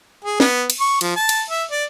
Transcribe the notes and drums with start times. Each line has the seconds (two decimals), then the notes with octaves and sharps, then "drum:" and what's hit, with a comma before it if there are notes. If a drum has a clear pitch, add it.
0.24 G#4
0.40 B3, drum: snare
0.70 drum: cymbal
0.80 C#6
1.01 F3, drum: cymbal
1.16 A5
1.29 drum: cymbal
1.50 E5
1.71 D5